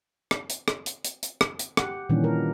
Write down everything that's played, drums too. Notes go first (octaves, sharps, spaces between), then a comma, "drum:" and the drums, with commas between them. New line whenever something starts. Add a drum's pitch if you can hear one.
drum: rim click
drum: hi-hat
drum: rim click
drum: hi-hat
drum: hi-hat
drum: hi-hat
drum: rim click
drum: hi-hat
G4 F#5, drum: rim click
A#2 D#3 E3 G3 C#4 D4
A#4